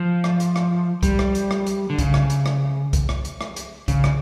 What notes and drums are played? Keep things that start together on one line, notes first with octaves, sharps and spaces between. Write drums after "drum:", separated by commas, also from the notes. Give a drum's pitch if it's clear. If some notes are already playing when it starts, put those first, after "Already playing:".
Already playing: F3
drum: rim click
drum: hi-hat
drum: rim click
G3, drum: kick C2, hi-hat
drum: rim click
drum: hi-hat
drum: rim click
drum: hi-hat
D3
C#3, drum: kick C2, hi-hat
drum: rim click
drum: hi-hat
drum: rim click
drum: kick C2, hi-hat
drum: rim click
drum: hi-hat
drum: rim click
drum: hi-hat
C#3, drum: kick C2, hi-hat
drum: rim click